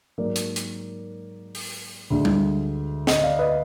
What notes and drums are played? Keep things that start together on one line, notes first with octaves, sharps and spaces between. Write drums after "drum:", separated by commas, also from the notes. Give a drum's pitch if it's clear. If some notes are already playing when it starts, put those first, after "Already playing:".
G#2 F#3 A#3 A#4 D5
drum: hi-hat
drum: hi-hat
drum: open hi-hat
D2 D3 G#3
drum: tom G3
D#5 F#5, drum: snare
D5 F5
B4 D#5